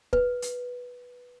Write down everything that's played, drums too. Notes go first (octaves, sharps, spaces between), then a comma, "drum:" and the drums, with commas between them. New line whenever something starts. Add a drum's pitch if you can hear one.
B4, drum: kick
drum: hi-hat